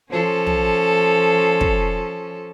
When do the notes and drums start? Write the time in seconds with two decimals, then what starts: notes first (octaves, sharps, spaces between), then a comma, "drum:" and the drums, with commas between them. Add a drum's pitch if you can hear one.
0.10 F3 C#4 A4
0.47 drum: tom
1.61 drum: kick